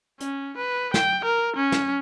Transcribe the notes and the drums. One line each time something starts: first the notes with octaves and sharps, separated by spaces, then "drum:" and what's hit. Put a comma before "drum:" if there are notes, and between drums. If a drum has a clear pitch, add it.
C#4, drum: hi-hat
B4
G5, drum: snare
A#4
C#4
drum: snare